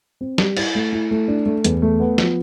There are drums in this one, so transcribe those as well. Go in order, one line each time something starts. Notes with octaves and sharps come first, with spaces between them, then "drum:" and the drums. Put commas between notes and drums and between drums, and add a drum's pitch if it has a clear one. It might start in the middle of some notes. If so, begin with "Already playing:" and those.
C4
G3, drum: snare
E4, drum: cymbal
A3
E4
A3
D4
A3
E2, drum: hi-hat
A3
B3
F3, drum: snare